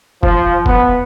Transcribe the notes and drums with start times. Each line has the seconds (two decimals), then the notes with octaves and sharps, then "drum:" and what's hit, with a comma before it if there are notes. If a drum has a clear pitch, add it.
0.23 F3, drum: kick F#1
0.66 B3, drum: kick F#1